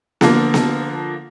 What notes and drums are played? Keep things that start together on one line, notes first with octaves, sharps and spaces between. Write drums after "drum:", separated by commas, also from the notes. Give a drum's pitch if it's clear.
D3 F3 A#3, drum: snare B3
drum: snare B3